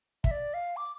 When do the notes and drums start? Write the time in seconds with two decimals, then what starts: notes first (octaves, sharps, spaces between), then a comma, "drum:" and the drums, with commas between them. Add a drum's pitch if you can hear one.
0.24 E5, drum: kick
0.31 D5
0.54 F5
0.77 D6